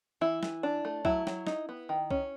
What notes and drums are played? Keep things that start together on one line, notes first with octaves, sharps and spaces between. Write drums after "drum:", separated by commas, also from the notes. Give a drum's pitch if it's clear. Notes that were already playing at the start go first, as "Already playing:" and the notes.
E3 E4
E3, drum: snare
D4
A3
F#3 E4, drum: kick C2
F#3, drum: snare
D#4, drum: snare
B3
D#3
C#4, drum: kick C2